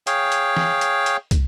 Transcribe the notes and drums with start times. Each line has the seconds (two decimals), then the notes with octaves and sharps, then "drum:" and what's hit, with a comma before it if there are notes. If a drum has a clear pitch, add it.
0.07 G#4 C#5 F5 G5, drum: hi-hat
0.32 drum: hi-hat
0.57 drum: snare
0.81 drum: hi-hat
1.06 drum: hi-hat
1.31 drum: kick, hi-hat